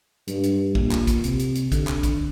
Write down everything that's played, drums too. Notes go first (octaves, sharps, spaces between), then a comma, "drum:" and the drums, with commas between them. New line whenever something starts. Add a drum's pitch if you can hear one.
G2, drum: hi-hat
drum: hi-hat
A#2, drum: kick
drum: clap
drum: kick, hi-hat
C3, drum: hi-hat
drum: hi-hat
drum: hi-hat
D3, drum: kick, hi-hat
drum: clap
drum: kick, hi-hat